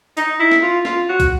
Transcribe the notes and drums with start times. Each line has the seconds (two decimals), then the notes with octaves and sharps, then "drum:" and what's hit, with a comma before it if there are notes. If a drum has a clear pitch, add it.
0.17 D#4, drum: hi-hat
0.40 E4
0.51 drum: snare
0.63 F4
0.85 F4, drum: snare
1.09 F#4
1.20 drum: kick, hi-hat